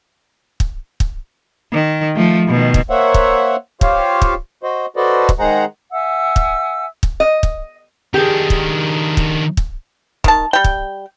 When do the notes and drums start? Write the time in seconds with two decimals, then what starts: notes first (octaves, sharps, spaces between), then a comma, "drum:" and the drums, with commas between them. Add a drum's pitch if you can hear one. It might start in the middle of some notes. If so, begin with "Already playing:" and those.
0.60 drum: kick
1.00 drum: kick
1.73 D#3
2.16 F3 A3
2.48 B2 D#3
2.74 drum: kick
2.90 A#3 C5 C#5 E5 F#5
3.14 drum: kick
3.81 F4 G4 C5 C#5 F5, drum: kick
4.22 drum: kick
4.63 F#4 C5 D#5
4.96 F#4 A4 B4 C5 D5 D#5
5.29 drum: kick
5.39 D#3 G#3 G#4 C5 F#5 A#5
5.92 E5 F#5 G#5 E6
6.36 drum: kick
7.03 drum: kick
7.20 D#5
7.43 drum: kick
8.14 D#3 D4 G4 G#4
8.50 drum: kick
9.17 drum: kick
9.57 drum: kick
10.24 D#3 A5, drum: kick
10.53 G3 G5
10.64 drum: kick